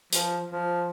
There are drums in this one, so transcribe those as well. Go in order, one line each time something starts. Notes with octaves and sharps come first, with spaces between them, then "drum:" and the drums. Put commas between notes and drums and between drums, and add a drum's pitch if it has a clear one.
F3, drum: hi-hat
F3